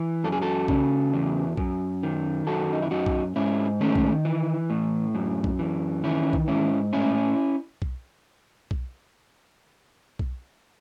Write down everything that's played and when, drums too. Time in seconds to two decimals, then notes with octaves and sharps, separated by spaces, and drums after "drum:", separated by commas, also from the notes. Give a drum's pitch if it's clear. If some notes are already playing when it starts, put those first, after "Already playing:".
Already playing: E3
0.24 F#2 A4
0.32 G#4
0.41 F#4 A4
0.68 C#3, drum: kick B1
1.13 E2
1.57 F#2, drum: kick B1
2.03 D#3
2.47 F#2 F#4 A4
2.73 D#4
2.82 E4
2.91 F#2 D#4 F#4
3.06 drum: kick B1
3.36 G#2 C#4 E4
3.80 D#3 A3 C#4
3.96 drum: kick B1
4.25 E3
4.70 A2
5.15 F#2
5.44 drum: kick B1
5.59 E3
6.04 D#3 C#4 E4
6.33 drum: kick B1
6.48 G#2 C#4 E4
6.93 A2 C#4 E4
7.82 drum: kick B1
8.71 drum: kick B1
10.19 drum: kick B1